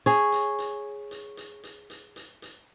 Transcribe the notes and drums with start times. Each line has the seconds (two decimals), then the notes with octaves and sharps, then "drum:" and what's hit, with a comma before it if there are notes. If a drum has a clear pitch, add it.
0.06 G#4 C#5, drum: hi-hat
0.32 drum: hi-hat
0.59 drum: hi-hat
1.11 drum: hi-hat
1.37 drum: hi-hat
1.63 drum: hi-hat
1.90 drum: hi-hat
2.16 drum: hi-hat
2.42 drum: hi-hat